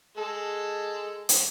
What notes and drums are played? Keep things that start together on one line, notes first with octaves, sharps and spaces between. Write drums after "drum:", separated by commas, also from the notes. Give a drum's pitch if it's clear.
G#3 A4
drum: hi-hat